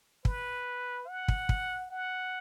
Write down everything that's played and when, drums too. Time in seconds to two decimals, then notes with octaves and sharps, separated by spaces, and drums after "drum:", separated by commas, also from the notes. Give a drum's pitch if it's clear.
0.25 B4, drum: kick
1.08 F#5
1.28 drum: kick
1.49 drum: kick
1.90 F#5